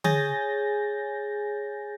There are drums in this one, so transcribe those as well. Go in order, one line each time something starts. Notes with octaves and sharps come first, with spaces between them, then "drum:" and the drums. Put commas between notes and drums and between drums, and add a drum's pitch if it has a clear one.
G#4 C#5 G#5 G6 A6 A#6, drum: tom D3